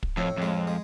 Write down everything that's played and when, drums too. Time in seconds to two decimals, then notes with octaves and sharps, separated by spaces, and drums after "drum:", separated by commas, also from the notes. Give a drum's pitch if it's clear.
0.03 drum: kick
0.17 F2 A2
0.37 F2 G#3
0.67 G#3